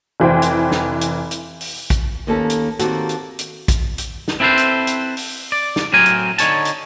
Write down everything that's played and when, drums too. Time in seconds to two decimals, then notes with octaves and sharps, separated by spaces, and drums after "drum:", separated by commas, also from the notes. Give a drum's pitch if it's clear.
0.20 F1 E3 C5 G5
0.42 drum: hi-hat
0.72 drum: snare
1.01 drum: hi-hat
1.31 drum: hi-hat
1.61 drum: open hi-hat
1.90 drum: kick, hi-hat
2.27 D#2 D#3 A#3 C#4 A4 B4
2.50 drum: hi-hat
2.79 D#3 A#3 C4 F#4 G4 A4, drum: hi-hat
3.09 drum: hi-hat
3.39 drum: hi-hat
3.68 drum: kick, hi-hat
3.98 drum: hi-hat
4.28 drum: snare
4.40 C4 E4 A4 B4 C5
4.57 drum: hi-hat
4.87 drum: hi-hat
5.17 drum: open hi-hat
5.52 D5
5.76 drum: snare
5.93 A2 F#3 C4 A#4 G#5
6.06 drum: hi-hat
6.38 D3 D#4 C#5 G#5 A5, drum: hi-hat
6.65 drum: hi-hat